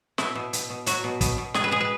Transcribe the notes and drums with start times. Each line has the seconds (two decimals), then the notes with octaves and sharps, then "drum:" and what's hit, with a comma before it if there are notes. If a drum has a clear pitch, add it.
0.18 B2 E4, drum: snare
0.35 B2
0.53 B2, drum: hi-hat
0.70 B2
0.86 F#3 F#4, drum: hi-hat
1.04 B2
1.21 B2, drum: kick, hi-hat
1.38 B2
1.54 G#3 G#4, drum: snare
1.64 B4
1.71 G#3 G#4
1.81 B4